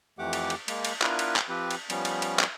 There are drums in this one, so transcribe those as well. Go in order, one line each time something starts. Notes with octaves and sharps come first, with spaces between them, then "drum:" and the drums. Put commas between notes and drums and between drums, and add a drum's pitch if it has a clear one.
F2 E3 A3 G4 F#5 D6
drum: cymbal
drum: cymbal
G#3 A#3, drum: cymbal
drum: cymbal
B3 D4 E4 F4 A#4 B4, drum: clap
drum: cymbal
drum: clap
F3 C4 G4 B4
drum: cymbal
F3 G3 B3 C#4, drum: cymbal
drum: cymbal
drum: cymbal
drum: clap